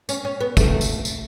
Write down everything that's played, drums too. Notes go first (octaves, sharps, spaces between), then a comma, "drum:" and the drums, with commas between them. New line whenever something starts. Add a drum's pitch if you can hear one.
C#4, drum: tambourine
C#4
B3
A3, drum: kick, tambourine
drum: tambourine
drum: tambourine